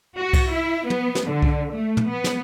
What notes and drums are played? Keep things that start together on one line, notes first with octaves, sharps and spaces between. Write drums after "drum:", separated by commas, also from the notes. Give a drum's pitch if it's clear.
F#4
drum: kick C2, cymbal
E4
B3, drum: tom
drum: snare
D3
drum: kick C2
A3
drum: tom
B3
drum: snare